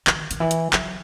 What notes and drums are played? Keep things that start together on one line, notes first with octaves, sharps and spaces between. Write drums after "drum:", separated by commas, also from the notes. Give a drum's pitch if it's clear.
D#3, drum: clap
D#3, drum: hi-hat
E3
drum: hi-hat
F#3, drum: clap